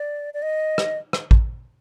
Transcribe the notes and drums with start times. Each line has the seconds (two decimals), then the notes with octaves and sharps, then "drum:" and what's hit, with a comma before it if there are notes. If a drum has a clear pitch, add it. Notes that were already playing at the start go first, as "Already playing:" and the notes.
Already playing: D5
0.34 D5
0.42 D#5
0.78 drum: rim click
1.13 drum: rim click
1.31 drum: kick A1